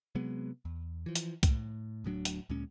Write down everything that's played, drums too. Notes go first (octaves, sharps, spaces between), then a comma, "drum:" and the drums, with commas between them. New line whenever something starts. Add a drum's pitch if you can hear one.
C3 F#3 G#3 B3
E2
E3 F3
drum: hi-hat
A2, drum: kick C2, hi-hat
D1 A2 F#3 D4
drum: hi-hat
D2 A#2 G#3 C#4